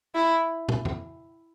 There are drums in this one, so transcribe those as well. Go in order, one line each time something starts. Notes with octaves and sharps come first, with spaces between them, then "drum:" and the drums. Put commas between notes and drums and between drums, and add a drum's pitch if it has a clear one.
E4
drum: tom
drum: tom